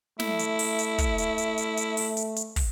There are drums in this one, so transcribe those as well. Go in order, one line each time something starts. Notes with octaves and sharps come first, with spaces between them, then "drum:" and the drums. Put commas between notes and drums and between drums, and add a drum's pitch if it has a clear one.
A3 E4, drum: snare
drum: hi-hat
drum: open hi-hat
drum: hi-hat
drum: kick, hi-hat
drum: hi-hat
drum: hi-hat
drum: hi-hat
drum: hi-hat
drum: open hi-hat
drum: hi-hat
drum: hi-hat
drum: kick, open hi-hat